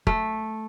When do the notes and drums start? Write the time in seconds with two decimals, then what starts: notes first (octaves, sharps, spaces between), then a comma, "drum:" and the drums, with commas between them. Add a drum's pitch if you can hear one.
0.07 A3, drum: kick